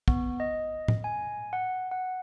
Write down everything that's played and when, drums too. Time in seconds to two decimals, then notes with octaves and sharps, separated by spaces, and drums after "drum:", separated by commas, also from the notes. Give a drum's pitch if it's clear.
0.08 B3, drum: kick
0.40 D#5
0.88 drum: tom A2
1.04 G#5
1.53 F#5
1.91 F#5